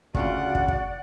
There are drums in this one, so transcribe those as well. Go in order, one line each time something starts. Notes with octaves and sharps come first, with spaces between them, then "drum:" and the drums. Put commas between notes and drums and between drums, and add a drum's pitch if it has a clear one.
D2 C#3 F4 F#4 D5 F#5, drum: kick
drum: kick
drum: kick